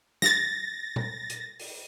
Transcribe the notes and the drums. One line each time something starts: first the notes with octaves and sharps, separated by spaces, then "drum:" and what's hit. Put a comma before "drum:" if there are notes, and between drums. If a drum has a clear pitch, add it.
A6 A#6, drum: snare
drum: tom
drum: hi-hat
drum: open hi-hat